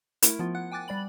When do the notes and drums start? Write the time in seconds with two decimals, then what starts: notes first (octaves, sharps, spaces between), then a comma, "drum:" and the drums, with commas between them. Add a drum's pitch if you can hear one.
0.22 A3 E4 A#4, drum: hi-hat
0.39 F3 B3 F4
0.55 F#5 F#6
0.71 G5 G#5 D6 F#6 A6
0.88 G3 D5 B5 F#7